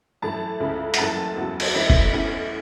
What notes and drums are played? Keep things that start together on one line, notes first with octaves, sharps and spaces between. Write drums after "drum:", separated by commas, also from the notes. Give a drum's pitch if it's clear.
F#2 E3 A3 E4 A5
C#2 C#3 A3 E4
F#5, drum: hi-hat
F#1 F#2 E3 A3 A5
E2 C#3 F#3
drum: cymbal
F#2 E3 A3 E4 E5
drum: kick F1
E2 E3 A3 C#4